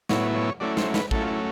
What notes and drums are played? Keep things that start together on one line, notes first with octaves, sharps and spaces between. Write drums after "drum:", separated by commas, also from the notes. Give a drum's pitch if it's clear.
A2 F#3 B3 E4 C#5, drum: snare
C#5
F#3 A3 C#4 E4 D5
C5, drum: snare
B4, drum: snare
F#3 A3 C#4 E4 A4, drum: kick
F4
E4